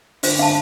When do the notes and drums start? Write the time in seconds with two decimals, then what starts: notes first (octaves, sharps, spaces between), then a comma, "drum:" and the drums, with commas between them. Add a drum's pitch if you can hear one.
0.23 D3 C5, drum: open hi-hat
0.39 D3 F5 A5